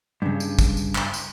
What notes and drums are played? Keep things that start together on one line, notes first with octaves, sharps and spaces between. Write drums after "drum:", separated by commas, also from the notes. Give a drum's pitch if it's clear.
G2 C#3
drum: tambourine
drum: kick, tambourine
drum: tambourine
drum: clap
drum: tambourine